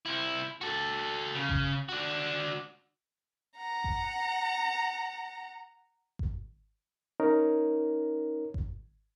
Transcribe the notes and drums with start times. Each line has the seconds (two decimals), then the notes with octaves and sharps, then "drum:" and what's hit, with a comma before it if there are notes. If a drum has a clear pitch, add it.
0.06 C3 E4
0.61 F#4 A4
1.35 C#3
1.49 drum: kick G#1
1.89 D4 F#4
3.56 F#5 A#5
3.84 drum: kick G#1
6.19 drum: kick G#1
7.20 C#4 D#4 A#4 C#5
8.54 drum: kick G#1